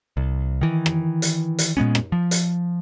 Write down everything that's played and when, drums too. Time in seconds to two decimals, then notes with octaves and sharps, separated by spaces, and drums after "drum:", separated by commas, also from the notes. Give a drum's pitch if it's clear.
0.17 C2
0.61 D#3 E3
0.86 drum: rim click
1.22 drum: hi-hat
1.59 drum: hi-hat
1.77 A#2 G#3 B3 C#4
1.95 drum: rim click
2.12 F3
2.31 drum: hi-hat